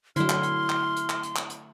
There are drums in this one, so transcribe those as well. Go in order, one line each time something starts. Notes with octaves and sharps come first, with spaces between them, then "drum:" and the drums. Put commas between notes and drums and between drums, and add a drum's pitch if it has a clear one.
D3 F#3 A3 E4 C6 F6, drum: hi-hat
drum: clap
drum: hi-hat
drum: clap
drum: hi-hat
drum: clap
drum: hi-hat
drum: clap
drum: hi-hat